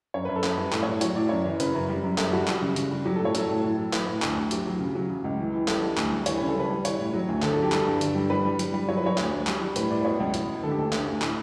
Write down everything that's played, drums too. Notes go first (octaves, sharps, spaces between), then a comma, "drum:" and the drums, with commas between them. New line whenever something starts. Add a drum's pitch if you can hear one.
F#2 C#5
F#2 B4
A4
F#2 B4, drum: clap
G3
A2 A4, drum: clap
C#5
A2
F#3 C#5, drum: hi-hat
A2 D5
F#2 C#5
E3
C#3 B4, drum: hi-hat
F#2
G3
F#2
F#2 A4, drum: clap
G3 F#4
G3, drum: clap
C#3
C#3, drum: hi-hat
G3
F#3 G4
A4
A2
C#5
F#3 A4, drum: hi-hat
A2
A2
F#3
F#3 B4, drum: clap
A2
D2, drum: clap
D2
F#3 G4, drum: hi-hat
F#3
C#3
F#3
C#3
C#2
E3
E3
G3 A4, drum: clap
G3
D2, drum: clap
G3
E3 C#5, drum: hi-hat
C#3 B4
A4
G3 B4
G3
E3 C#5, drum: hi-hat
A2
F#3
D2
D3 A4, drum: clap
A4
F#3 G4
G3 A4, drum: clap
G2
D3, drum: hi-hat
G3
G3 B4
G3
G3, drum: hi-hat
G3
F#3 C#5
B4
F#3 C#5
D2, drum: clap
D2
G3, drum: clap
G3
A2 B4, drum: hi-hat
A2 D5
B4
B2 C#5
C#2
C#2, drum: hi-hat
C#2
D3 A4
G4
D2 A4
D3, drum: clap
D2
A2, drum: clap